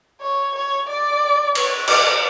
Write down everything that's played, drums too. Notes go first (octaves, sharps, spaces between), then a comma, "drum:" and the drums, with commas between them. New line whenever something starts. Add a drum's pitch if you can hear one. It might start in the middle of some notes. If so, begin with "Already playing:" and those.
C#5
C#5
D5
C#5, drum: cymbal
D5, drum: cymbal